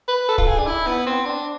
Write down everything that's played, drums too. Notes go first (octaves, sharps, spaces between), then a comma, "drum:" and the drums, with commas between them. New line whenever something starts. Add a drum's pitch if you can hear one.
B4
A4
F4, drum: kick
G#4
D4
E4
B3
C4
D4